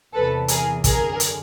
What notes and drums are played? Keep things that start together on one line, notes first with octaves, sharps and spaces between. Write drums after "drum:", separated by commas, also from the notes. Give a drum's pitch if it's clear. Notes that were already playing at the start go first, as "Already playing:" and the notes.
E2 C3 E3 A4 B4
G#4 A#4, drum: hi-hat
F#2 D3 G#4 A#4, drum: kick, hi-hat
drum: hi-hat